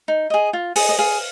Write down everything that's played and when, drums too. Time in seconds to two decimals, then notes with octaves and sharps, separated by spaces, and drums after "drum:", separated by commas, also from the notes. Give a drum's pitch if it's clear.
0.08 D#4
0.30 G#4 D#5
0.53 F4
0.76 G#4 D#5, drum: open hi-hat
0.89 D#5
0.98 G#4 F5